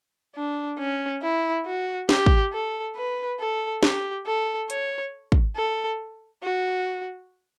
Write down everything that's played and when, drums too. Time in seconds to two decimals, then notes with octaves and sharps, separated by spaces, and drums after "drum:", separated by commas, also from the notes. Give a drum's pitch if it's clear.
0.36 D4
0.79 C#4
1.22 E4
1.66 F#4
2.09 G4, drum: snare
2.26 drum: kick
2.52 A4
2.96 B4
3.39 A4
3.83 G4, drum: snare
4.26 A4
4.70 C#5, drum: hi-hat
5.32 drum: kick
5.56 A4
6.43 F#4